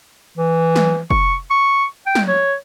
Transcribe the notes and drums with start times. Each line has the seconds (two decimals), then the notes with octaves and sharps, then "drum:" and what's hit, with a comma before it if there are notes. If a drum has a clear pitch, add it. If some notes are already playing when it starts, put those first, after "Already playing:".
0.38 E3
0.76 drum: snare
1.10 C#6, drum: kick
1.50 C#6
2.06 G5
2.15 drum: snare
2.28 C#5